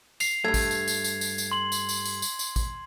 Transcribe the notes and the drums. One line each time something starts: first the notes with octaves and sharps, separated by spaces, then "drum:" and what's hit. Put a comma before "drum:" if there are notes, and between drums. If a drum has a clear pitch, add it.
C7 F7, drum: tambourine
G2 A3 G#6
drum: kick A1, tambourine
drum: tambourine
drum: tambourine
drum: tambourine
drum: tambourine
drum: tambourine
C6 F#7
drum: tambourine
drum: tambourine
drum: tambourine
drum: tambourine
drum: tambourine
drum: kick A1, tambourine